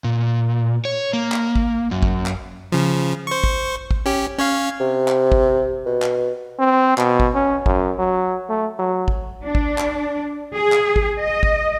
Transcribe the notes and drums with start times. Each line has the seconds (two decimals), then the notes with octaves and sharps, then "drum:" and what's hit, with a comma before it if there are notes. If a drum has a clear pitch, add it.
0.04 A#2
0.85 C#5
1.13 A#3
1.32 drum: clap
1.56 drum: kick
1.91 F#2
2.03 drum: kick
2.26 drum: clap
2.72 C#3 F3
3.27 C5 C#6
3.44 drum: kick
3.91 drum: kick
4.06 C#4 G4
4.38 C#4 C#5 F5
4.80 C3
5.08 drum: clap
5.32 drum: kick
5.86 B2
6.02 drum: clap
6.59 C4
6.98 B2, drum: clap
7.20 drum: kick
7.35 C#4
7.66 F#2, drum: kick
7.99 F#3
8.49 A3
8.79 F#3
9.08 drum: kick
9.43 D4
9.55 drum: kick
9.78 drum: clap
10.55 G#4
10.72 drum: clap
10.96 drum: kick
11.20 D#5
11.43 drum: kick